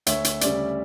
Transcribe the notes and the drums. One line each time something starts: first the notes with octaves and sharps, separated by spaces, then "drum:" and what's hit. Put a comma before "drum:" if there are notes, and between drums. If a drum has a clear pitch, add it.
D2 C#5 E5, drum: hi-hat
drum: hi-hat
C#3 G3 C#4 D5, drum: hi-hat